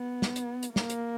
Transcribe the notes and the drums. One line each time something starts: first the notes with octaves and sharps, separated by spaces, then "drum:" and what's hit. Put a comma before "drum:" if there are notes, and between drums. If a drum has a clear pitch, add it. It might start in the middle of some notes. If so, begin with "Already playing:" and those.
Already playing: B3
drum: snare
drum: hi-hat
drum: hi-hat
A#3, drum: snare
drum: hi-hat